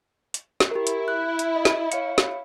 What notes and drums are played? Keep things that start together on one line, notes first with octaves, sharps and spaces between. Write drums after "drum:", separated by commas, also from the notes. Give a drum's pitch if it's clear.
drum: hi-hat
drum: snare
E4 G4 A#4
drum: hi-hat
F#6
drum: hi-hat
D#5
drum: snare
C#5 F5 C#7, drum: hi-hat
drum: snare